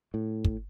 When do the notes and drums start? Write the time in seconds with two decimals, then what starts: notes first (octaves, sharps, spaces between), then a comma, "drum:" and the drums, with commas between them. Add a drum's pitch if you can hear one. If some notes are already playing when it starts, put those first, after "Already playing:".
0.14 A2
0.45 drum: kick